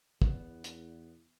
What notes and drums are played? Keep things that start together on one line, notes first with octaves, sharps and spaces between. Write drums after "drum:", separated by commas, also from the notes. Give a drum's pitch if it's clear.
E2 B3, drum: kick
drum: hi-hat